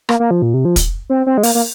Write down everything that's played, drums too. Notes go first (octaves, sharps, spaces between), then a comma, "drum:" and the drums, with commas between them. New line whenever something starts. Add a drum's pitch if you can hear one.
A#3, drum: rim click
A#3
F3
A#2
C3
F3
drum: kick, hi-hat
C4
C4
G#3
A#3, drum: open hi-hat
A#3